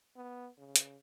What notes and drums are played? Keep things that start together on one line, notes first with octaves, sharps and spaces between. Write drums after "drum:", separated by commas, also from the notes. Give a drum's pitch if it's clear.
B3
C#3
drum: hi-hat